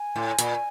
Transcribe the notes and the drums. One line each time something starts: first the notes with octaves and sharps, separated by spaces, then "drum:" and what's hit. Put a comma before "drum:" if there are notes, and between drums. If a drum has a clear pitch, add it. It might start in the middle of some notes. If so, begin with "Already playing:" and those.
Already playing: G#5
A2
A#2, drum: hi-hat